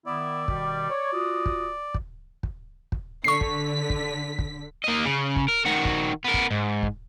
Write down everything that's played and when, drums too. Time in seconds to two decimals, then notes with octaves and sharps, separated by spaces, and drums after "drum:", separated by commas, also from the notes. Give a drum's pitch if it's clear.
0.06 D#3 B3 E4 D5
0.48 B2 D#3 G3, drum: kick
0.90 C#5
1.13 F4 F#4 D#6
1.46 drum: kick
1.94 drum: kick
2.43 drum: kick
2.92 drum: kick
3.24 D3 C#6 B6 C7
3.41 drum: kick
3.90 drum: kick
4.39 drum: kick
4.84 A#3 D#5
5.05 C#3
5.36 drum: kick
5.48 A#4
5.65 D#3 F#4
5.85 drum: kick
6.25 B3 A#4
6.34 drum: kick
6.51 G#2
6.83 drum: kick